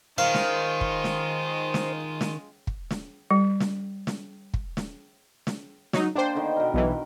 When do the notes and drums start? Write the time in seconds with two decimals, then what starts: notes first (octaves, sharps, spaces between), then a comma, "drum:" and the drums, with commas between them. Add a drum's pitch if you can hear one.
0.18 D#3 G#3 F4 C5 F5
0.34 drum: snare
0.81 drum: kick
1.04 drum: snare
1.74 drum: snare
2.21 drum: snare
2.67 drum: kick
2.91 drum: snare
3.31 G3
3.60 drum: snare
4.07 drum: snare
4.54 drum: kick
4.77 drum: snare
5.47 drum: snare
5.93 F#3 D#4, drum: snare
6.15 A#3 D4 C5 D5 G5
6.35 D3 D#3 B3
6.57 B2 A#4
6.74 B1 E3